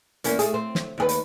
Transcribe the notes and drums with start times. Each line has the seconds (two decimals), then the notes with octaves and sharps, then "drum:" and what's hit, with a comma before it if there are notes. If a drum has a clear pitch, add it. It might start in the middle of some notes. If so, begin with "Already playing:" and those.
0.24 E2 A#3 C#4, drum: hi-hat
0.39 A3 G#4, drum: hi-hat
0.54 C4
0.75 drum: snare
0.98 D#2 G#4 B4
1.09 drum: hi-hat